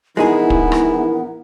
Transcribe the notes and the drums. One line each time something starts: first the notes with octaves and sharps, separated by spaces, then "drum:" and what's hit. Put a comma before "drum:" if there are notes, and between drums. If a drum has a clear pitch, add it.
A#1 E3 G#3 B3 D#4 E4 G#4 A#4
drum: kick
drum: rim click